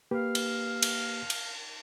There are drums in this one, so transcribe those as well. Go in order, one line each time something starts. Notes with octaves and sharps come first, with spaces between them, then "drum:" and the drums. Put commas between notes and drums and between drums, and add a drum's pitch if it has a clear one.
A#3 G4 B4 F5
drum: cymbal
drum: cymbal
drum: cymbal